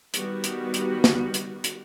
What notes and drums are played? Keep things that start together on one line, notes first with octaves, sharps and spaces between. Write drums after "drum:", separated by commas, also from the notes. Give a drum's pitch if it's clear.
D#3 G3 B3 F#4, drum: hi-hat
drum: hi-hat
drum: hi-hat
drum: snare
drum: hi-hat
drum: hi-hat